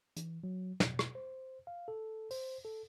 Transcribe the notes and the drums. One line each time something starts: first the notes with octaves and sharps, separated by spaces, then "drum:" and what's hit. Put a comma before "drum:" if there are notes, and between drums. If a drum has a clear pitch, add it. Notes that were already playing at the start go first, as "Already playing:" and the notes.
E3, drum: hi-hat
F#3
B2, drum: snare
drum: rim click
C5
F5
A4
C5, drum: open hi-hat
A4